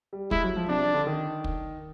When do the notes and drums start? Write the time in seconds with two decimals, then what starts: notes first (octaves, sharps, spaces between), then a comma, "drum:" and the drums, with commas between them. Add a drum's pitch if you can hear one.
0.13 G3
0.31 G#3 E4, drum: kick
0.44 F#3
0.56 F3
0.68 C3 D4
0.94 D3
1.07 D#3
1.44 drum: kick